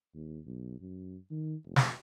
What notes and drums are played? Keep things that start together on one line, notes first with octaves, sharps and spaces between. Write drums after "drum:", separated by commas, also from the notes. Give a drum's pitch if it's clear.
D#2
B1
F#2
D#3
F1
drum: snare